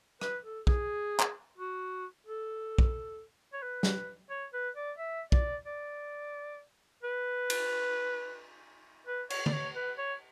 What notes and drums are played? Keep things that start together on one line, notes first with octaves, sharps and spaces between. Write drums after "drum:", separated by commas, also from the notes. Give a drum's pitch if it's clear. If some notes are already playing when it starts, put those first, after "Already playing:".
B4, drum: rim click
A4
G#4, drum: kick
drum: clap
F#4
A4
drum: kick
C#5
B4
drum: snare
C#5
B4
D5
E5
D5, drum: kick
D5
B4
drum: cymbal
B4
C#5, drum: cymbal
D5, drum: tom
C#5
B4
C#5